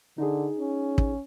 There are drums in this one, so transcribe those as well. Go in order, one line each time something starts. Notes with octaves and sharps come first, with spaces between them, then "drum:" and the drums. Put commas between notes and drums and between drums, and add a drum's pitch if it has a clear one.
D3 D#4 G#4
C#4
drum: kick